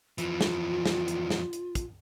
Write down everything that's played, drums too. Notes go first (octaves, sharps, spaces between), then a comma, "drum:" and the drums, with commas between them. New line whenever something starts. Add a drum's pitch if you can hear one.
F2 E3 F4, drum: hi-hat
drum: snare
drum: snare
drum: hi-hat
drum: snare
drum: hi-hat
drum: kick, hi-hat